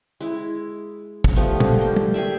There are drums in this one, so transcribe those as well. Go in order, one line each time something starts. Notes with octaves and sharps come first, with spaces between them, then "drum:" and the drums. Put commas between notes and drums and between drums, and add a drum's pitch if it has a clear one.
G#3 E4
drum: kick
F3 G3 A3 B3
D3, drum: tom
A#3 G5
drum: tom
G4 G#4 D5 E5